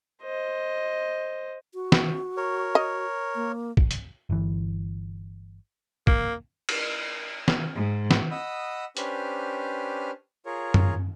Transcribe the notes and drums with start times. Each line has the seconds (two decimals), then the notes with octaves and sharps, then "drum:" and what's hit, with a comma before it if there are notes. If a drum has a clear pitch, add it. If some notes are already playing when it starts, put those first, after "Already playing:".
0.23 C5 D#5
1.74 F#4
1.92 drum: snare
2.37 A#4 C#5
2.75 D#5
3.35 A#3
3.77 drum: kick
3.91 drum: hi-hat
4.30 G1 E3
6.07 A#3, drum: kick
6.69 drum: cymbal
7.48 drum: snare
7.76 G#2
8.11 drum: snare
8.31 D#5 F#5 B5 D#6 E6
8.97 C#4 D4 G4 B4 C5 F6, drum: hi-hat
10.46 F4 G#4 A#4 C#5
10.74 drum: tom